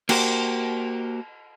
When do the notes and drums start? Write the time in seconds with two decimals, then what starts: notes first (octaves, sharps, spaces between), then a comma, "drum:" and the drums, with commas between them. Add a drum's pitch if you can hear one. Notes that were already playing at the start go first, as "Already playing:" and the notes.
0.09 A#3 F#4 G4 A#4 C5, drum: cymbal